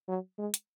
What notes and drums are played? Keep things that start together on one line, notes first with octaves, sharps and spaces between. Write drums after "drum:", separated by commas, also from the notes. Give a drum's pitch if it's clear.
F#3
G#3
drum: hi-hat